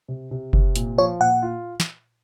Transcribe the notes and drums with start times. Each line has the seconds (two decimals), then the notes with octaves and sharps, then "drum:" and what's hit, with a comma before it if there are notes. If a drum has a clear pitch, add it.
0.08 C3
0.31 C3
0.53 C3, drum: kick F#1
0.76 A#2, drum: hi-hat
0.98 F3 C#5
1.20 A#2 F#5
1.42 F4
1.80 drum: snare